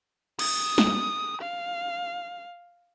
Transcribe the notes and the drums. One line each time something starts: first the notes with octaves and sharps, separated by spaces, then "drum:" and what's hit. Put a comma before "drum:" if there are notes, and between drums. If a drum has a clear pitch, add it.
D#6, drum: cymbal
drum: snare
F5